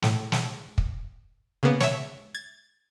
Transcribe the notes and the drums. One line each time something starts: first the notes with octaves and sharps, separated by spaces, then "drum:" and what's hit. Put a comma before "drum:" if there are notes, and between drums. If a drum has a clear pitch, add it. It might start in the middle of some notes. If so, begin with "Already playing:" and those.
A2, drum: snare
drum: snare
drum: kick
C#3 A#3 B3
C#5 E5, drum: snare
G#6 A6